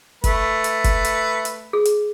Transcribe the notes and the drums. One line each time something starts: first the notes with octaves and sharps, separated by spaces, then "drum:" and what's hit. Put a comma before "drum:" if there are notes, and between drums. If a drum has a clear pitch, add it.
A3 B4, drum: kick, hi-hat
drum: hi-hat
drum: kick, hi-hat
drum: hi-hat
drum: hi-hat
G#4
drum: hi-hat